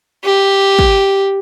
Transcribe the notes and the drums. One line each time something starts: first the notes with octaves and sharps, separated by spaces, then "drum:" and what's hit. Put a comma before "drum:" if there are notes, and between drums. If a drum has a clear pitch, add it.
G4
drum: kick